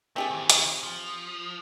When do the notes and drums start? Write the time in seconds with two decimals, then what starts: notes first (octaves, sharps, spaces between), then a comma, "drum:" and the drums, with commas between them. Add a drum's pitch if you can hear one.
0.16 A3 C4 G4 G#4
0.31 D#3 E3
0.50 drum: hi-hat
0.83 F3